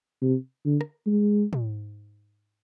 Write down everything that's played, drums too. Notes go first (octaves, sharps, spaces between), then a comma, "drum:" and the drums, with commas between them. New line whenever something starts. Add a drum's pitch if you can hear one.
C3
D3
drum: rim click
G#3
drum: tom